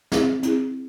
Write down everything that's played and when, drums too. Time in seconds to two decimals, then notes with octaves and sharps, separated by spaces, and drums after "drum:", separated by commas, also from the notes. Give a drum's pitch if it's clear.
0.12 C4 E4 G#4, drum: snare
0.43 C4 E4 G#4, drum: hi-hat